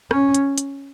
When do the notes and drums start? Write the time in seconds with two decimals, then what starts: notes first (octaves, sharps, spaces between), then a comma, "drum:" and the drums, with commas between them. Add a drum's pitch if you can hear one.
0.11 C#4, drum: rim click
0.35 drum: hi-hat
0.58 drum: hi-hat